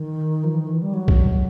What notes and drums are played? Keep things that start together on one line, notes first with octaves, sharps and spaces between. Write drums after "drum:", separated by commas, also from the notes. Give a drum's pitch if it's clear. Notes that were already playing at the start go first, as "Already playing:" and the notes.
Already playing: D#3
F3
E3
D#3
E3
G3
F#3
drum: kick